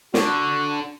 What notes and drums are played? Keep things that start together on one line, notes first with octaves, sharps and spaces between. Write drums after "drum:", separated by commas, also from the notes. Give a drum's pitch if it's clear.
D3 F#4, drum: snare